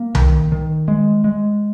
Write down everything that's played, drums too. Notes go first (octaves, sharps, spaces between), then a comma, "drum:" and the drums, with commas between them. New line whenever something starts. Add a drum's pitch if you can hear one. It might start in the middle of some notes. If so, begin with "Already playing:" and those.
Already playing: A#3
D#3, drum: tom C2
D#3
G#3
G#3